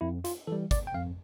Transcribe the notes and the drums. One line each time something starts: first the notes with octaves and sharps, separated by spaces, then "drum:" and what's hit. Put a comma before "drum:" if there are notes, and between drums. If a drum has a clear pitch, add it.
F2 E4
F4, drum: hi-hat
E3 G3 A4
D5, drum: kick, hi-hat
G5
F2 F5